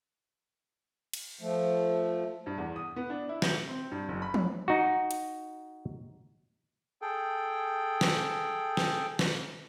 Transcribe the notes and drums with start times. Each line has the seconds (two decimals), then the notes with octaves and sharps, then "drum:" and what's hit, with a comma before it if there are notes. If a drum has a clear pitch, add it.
1.13 drum: cymbal
1.41 F3 A3
2.46 G2
2.58 E2
2.76 D#6
2.96 B3
3.10 D4
3.29 E4
3.42 G6, drum: snare
3.68 C4
3.92 G2
4.09 F#1
4.22 B5
4.34 drum: tom
4.68 D#4 F#4
5.11 drum: hi-hat
7.02 G#4 A4 G5
8.01 drum: snare
8.77 drum: snare
9.19 drum: snare